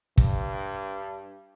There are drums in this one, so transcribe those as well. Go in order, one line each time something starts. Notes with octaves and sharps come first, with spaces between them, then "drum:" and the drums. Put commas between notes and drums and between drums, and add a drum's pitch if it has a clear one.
G2, drum: kick